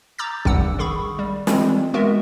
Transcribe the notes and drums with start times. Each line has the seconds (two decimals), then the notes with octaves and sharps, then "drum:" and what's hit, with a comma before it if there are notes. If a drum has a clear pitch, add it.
0.19 A#5 D6 E6 G6 A6
0.45 G#1 G2 G3 F#5 E6, drum: kick
0.79 D#3 G#4 B5 C#6
1.19 G3
1.47 E3 G3 G#3 C4 F4, drum: snare
1.94 G#3 B3 F#4 A#4 E5